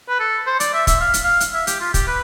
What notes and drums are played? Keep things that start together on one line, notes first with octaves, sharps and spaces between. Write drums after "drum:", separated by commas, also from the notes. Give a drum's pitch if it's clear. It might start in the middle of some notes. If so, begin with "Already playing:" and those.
B4
A4
C5
D5, drum: hi-hat
E5
E5, drum: kick, hi-hat
F5
drum: hi-hat
F5
drum: hi-hat
E5
G4, drum: hi-hat
F4
G4, drum: kick, hi-hat
B4